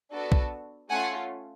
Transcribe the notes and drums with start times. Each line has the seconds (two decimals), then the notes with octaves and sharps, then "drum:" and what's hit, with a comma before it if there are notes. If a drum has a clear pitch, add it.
0.13 B3 D4 F#4 A4
0.32 drum: kick B1
0.90 A3 C#4 F4 F#5 G#5